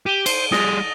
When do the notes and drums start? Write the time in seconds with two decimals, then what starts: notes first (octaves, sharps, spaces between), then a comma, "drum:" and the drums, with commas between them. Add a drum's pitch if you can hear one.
0.06 G4 D#7 G7
0.26 C5, drum: cymbal
0.52 G3 G#4 D#6 A6 A#6, drum: snare